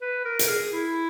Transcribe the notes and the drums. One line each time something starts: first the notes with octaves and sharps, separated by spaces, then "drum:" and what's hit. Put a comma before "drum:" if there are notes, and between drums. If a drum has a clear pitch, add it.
B4
A#4
drum: hi-hat
G#4
E4